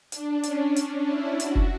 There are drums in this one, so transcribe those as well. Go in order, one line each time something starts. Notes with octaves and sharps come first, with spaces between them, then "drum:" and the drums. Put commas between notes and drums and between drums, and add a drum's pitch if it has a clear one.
D4, drum: hi-hat
C#4, drum: hi-hat
D4, drum: hi-hat
E4
F#4, drum: hi-hat
drum: kick